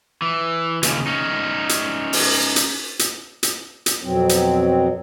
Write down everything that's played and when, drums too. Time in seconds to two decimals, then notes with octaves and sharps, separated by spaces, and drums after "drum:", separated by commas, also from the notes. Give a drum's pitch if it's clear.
0.22 E3
0.83 D#2 C#3, drum: hi-hat
1.07 C#4 D#4
1.69 drum: hi-hat
2.13 drum: open hi-hat
2.56 drum: hi-hat
2.99 drum: hi-hat
3.43 drum: hi-hat
3.86 drum: hi-hat
4.03 F2 B2 F#3 C4
4.29 drum: hi-hat